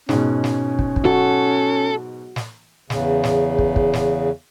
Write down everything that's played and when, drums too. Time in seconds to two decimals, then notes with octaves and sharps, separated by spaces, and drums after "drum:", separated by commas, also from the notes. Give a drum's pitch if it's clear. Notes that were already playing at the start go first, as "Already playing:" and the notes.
0.09 G#2 B2 C#4, drum: snare
0.44 drum: snare
0.79 drum: kick
0.96 drum: kick
1.05 F#4 A4
2.36 drum: snare
2.90 E2 C#3, drum: snare
3.24 drum: snare
3.58 drum: kick
3.76 drum: kick
3.93 drum: snare